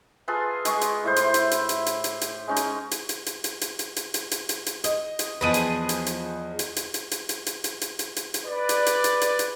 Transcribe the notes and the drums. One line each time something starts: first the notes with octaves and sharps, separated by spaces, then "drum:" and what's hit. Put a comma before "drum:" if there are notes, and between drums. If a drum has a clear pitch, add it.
F4 G#4 A4 B4
G#3 C#6, drum: hi-hat
drum: hi-hat
A2 E4 C5
drum: hi-hat
drum: hi-hat
drum: hi-hat
drum: hi-hat
drum: hi-hat
drum: hi-hat
drum: hi-hat
G#3 C#4 D#4
drum: hi-hat
drum: hi-hat
drum: hi-hat
drum: hi-hat
drum: hi-hat
drum: hi-hat
drum: hi-hat
drum: hi-hat
drum: hi-hat
drum: hi-hat
drum: hi-hat
drum: hi-hat
D#5, drum: hi-hat
drum: hi-hat
E2 F3 G#4 B4 D#5 D#7
drum: hi-hat
drum: hi-hat
drum: hi-hat
drum: hi-hat
drum: hi-hat
drum: hi-hat
drum: hi-hat
drum: hi-hat
drum: hi-hat
drum: hi-hat
drum: hi-hat
drum: hi-hat
drum: hi-hat
drum: hi-hat
B4 D5
drum: hi-hat
drum: hi-hat
drum: hi-hat
drum: hi-hat
drum: hi-hat